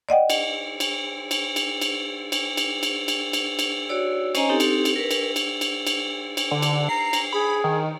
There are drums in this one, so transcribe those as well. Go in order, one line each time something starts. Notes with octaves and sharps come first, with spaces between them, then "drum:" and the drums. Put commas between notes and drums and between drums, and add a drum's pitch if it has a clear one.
D5 D#5 F#5 G5
drum: cymbal
drum: cymbal
drum: cymbal
drum: cymbal
drum: cymbal
drum: cymbal
drum: cymbal
drum: cymbal
drum: cymbal
drum: cymbal
drum: cymbal
F#4 C#5 D5 E6
C#4 C5 C#5 D#5 G#5 A#5, drum: cymbal
C4 D#4 G4 A4
drum: cymbal
drum: cymbal
A#4 B4
drum: cymbal
drum: cymbal
drum: cymbal
drum: cymbal
drum: cymbal
D3
drum: cymbal
A#5 C7
drum: cymbal
G#4 B5
D#3